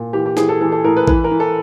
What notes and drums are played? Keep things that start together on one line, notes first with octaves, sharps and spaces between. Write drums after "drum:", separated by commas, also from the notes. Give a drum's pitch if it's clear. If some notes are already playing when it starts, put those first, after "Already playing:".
Already playing: A#2
E3 G4
G4
E3 G#4, drum: snare
A4
E3 A4
A4
A2 A#4
B4
E3 B4, drum: kick A1
A#4
E3
A4